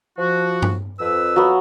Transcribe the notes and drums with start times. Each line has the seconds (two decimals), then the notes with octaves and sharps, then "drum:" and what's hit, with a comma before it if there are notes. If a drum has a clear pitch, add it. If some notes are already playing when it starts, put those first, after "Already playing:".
0.18 F3 F#4
0.62 drum: tom G2
0.99 F2 B4 E6
1.36 F#3 B3